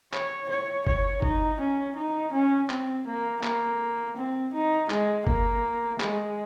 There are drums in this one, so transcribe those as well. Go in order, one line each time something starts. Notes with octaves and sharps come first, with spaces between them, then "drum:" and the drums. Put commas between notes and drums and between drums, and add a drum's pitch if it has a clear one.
C#5, drum: clap
C#5
C#5, drum: kick
D#4, drum: kick
C#4
D#4
C#4
C4, drum: clap
A#3
A#3, drum: clap
C4
D#4
G#3, drum: clap
A#3, drum: kick
G#3, drum: clap